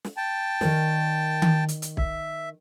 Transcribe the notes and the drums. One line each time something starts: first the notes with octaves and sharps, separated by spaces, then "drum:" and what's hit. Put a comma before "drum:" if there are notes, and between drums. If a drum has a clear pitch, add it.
drum: snare
G5 A5
D#3 A#4 D5, drum: snare
drum: tom D#3
drum: hi-hat
drum: hi-hat
E5, drum: kick